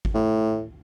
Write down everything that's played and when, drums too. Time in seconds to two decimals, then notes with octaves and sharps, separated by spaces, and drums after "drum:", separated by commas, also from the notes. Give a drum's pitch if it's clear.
0.05 drum: kick G#1
0.14 A2